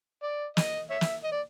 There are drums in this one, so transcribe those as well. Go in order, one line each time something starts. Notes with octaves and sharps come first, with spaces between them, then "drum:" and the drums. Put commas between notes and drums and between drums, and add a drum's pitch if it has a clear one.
D5
D#5, drum: snare
C#5 E5
drum: snare
D#5
D5